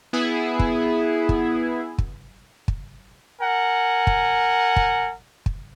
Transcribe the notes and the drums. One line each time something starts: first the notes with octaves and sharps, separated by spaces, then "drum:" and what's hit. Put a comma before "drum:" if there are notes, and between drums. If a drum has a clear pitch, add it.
B3 E4 G#4
drum: kick
drum: kick
drum: kick
drum: kick
A#4 F#5 G#5
drum: kick
drum: kick
drum: kick